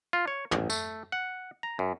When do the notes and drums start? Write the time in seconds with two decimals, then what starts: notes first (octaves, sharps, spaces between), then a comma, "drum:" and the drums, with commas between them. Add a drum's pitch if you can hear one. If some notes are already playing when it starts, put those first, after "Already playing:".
0.13 F4
0.28 C#5
0.51 A1, drum: tom
0.70 A3, drum: tambourine
1.12 F#5
1.63 A#5
1.79 F#2